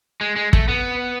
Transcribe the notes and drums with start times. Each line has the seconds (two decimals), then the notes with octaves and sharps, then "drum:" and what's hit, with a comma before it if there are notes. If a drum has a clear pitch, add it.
0.21 G#3
0.36 G#3
0.53 A3, drum: kick
0.68 B3